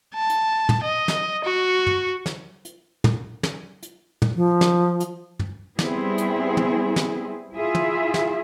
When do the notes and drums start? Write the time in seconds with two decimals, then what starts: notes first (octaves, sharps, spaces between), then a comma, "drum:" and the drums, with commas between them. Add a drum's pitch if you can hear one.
0.15 A5
0.30 drum: hi-hat
0.69 drum: tom
0.83 D#5
1.08 drum: snare
1.44 F#4
1.87 drum: tom
2.26 drum: snare
2.65 drum: hi-hat
3.04 drum: tom
3.43 drum: snare
3.83 drum: hi-hat
4.22 drum: tom
4.35 F3
4.61 drum: snare
5.00 drum: hi-hat
5.39 drum: tom
5.79 G3 B3 C4 E4 G#4, drum: snare
6.18 drum: hi-hat
6.57 drum: tom
6.96 drum: snare
7.54 E4 F4 G#4 E5
7.75 drum: tom
8.14 drum: snare